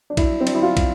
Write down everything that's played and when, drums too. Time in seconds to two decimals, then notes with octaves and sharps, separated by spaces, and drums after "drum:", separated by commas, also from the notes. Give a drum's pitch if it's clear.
0.10 D4
0.17 E4, drum: kick, cymbal
0.41 C4
0.47 D4, drum: cymbal
0.55 E4
0.62 F4
0.77 drum: kick, cymbal